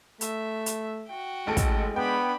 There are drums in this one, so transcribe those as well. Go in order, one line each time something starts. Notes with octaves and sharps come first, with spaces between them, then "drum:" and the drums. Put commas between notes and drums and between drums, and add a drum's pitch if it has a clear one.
A3 E5, drum: hi-hat
drum: hi-hat
F#4 G5
A1 G#3 A4 D7
drum: kick, hi-hat
B3 D4 G5 B5